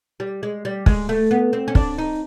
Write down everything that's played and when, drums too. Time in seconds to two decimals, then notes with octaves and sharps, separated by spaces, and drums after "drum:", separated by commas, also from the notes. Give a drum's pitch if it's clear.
0.20 G3
0.43 G#3
0.65 G3
0.86 G#3, drum: kick
1.09 A3
1.31 B3
1.53 C4
1.68 C#4
1.75 D4, drum: kick
1.98 D#4